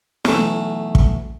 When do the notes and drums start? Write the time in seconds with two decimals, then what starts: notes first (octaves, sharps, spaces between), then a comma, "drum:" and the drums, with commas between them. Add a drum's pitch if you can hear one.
0.25 B1 E3 A3, drum: snare
0.95 drum: kick